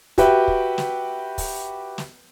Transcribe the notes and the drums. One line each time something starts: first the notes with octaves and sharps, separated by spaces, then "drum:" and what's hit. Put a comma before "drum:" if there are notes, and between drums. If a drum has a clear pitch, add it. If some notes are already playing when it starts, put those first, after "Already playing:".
F#4 G4 B4 E5 G5, drum: kick, hi-hat
drum: kick
drum: snare
drum: kick, open hi-hat
drum: snare